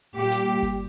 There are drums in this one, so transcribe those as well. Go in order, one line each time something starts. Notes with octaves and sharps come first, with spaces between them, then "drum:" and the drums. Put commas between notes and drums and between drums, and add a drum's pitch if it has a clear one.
A#2 G3 A#3 G4, drum: hi-hat
drum: snare
drum: hi-hat
drum: kick G1, open hi-hat